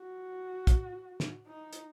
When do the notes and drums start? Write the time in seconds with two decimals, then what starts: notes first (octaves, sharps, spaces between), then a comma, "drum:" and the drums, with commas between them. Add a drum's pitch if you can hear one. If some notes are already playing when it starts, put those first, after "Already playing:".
Already playing: F#4
0.67 drum: kick, hi-hat
1.20 drum: snare
1.46 D#4
1.73 drum: hi-hat